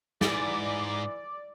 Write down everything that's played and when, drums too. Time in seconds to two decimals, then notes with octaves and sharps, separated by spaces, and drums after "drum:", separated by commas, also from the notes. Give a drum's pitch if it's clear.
0.21 G#2 E3 D5 D6, drum: snare